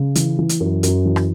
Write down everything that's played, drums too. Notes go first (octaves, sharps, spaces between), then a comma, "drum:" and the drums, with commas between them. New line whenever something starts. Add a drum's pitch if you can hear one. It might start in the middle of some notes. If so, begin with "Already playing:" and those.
Already playing: C#3
E3, drum: hi-hat
E3
drum: hi-hat
F#2
F#2, drum: hi-hat
E3
drum: rim click